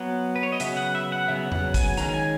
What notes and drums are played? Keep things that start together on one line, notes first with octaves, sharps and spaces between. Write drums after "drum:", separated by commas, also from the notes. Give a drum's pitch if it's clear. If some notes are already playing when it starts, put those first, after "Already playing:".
Already playing: F#3 B3
B4
C#5
D#5
C#3 F#3 B3 E5, drum: hi-hat
F#5
E5
F#5
C#3 F#3 B3 E5
F#5, drum: tom E2
G#5, drum: kick, hi-hat
D#3 G#3 C#4 A#5, drum: hi-hat
G#5